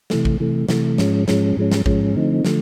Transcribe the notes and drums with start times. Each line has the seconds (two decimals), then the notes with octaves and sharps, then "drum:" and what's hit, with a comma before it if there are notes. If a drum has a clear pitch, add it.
0.10 C3 E3 A3, drum: snare
0.25 drum: kick A1
0.40 C3 E3 A3
0.69 C3 E3 A3, drum: snare
0.98 G#2 F3 G#3 C#4, drum: snare
1.28 G#2 F3 G#3 C#4, drum: snare
1.57 G#2 F3 G#3 C#4
1.72 drum: snare
1.86 G#2 F3 G#3 C#4, drum: kick A1
2.15 D3 F3 A3 C4 D#4
2.45 D3 F3 A3, drum: snare